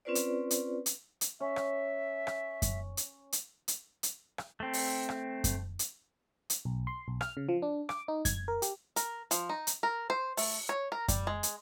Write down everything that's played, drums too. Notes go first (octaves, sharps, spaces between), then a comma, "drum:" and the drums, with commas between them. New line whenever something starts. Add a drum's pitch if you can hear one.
C4 C#4 F4 B4 C5 D5
drum: hi-hat
drum: hi-hat
drum: hi-hat
drum: hi-hat
C#4 E5
drum: rim click
drum: rim click
drum: kick F#2, hi-hat
drum: hi-hat
drum: hi-hat
drum: hi-hat
drum: hi-hat
drum: rim click
A3 C4
drum: open hi-hat
drum: rim click
drum: kick F#2, hi-hat
drum: hi-hat
drum: hi-hat
B1
C6
B1
F6, drum: rim click
C#3
F3
D4
D6, drum: rim click
D#4
G#6, drum: kick F#2, hi-hat
A#4
G4, drum: hi-hat
A#4, drum: hi-hat
F3, drum: hi-hat
D#4
drum: hi-hat
A#4
C5
A3, drum: open hi-hat
C#5
A#4
G3, drum: kick F#2, hi-hat
G#3
drum: hi-hat